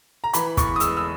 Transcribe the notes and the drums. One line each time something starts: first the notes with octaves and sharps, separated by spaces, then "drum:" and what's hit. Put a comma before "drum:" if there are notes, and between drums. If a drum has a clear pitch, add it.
A#5
E3 B5, drum: hi-hat
E2 C#6, drum: kick, hi-hat
D#6
G#3 E6, drum: hi-hat
E6